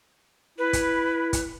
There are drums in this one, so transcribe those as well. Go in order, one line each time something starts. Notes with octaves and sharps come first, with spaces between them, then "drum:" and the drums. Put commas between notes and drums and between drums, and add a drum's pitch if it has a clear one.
E4 B4
drum: kick, hi-hat
drum: kick, hi-hat